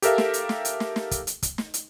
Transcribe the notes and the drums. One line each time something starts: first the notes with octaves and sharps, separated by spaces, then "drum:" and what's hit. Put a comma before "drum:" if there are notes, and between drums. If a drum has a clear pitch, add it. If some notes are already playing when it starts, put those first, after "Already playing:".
G4 A4 A#4 E5 F5, drum: hi-hat
drum: snare
drum: hi-hat
drum: snare
drum: hi-hat
drum: snare
drum: snare
drum: kick, hi-hat
drum: hi-hat
drum: kick, hi-hat
drum: snare
drum: hi-hat